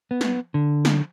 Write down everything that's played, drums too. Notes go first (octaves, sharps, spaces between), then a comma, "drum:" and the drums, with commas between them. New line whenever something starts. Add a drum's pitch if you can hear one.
B3
drum: snare
D3
drum: snare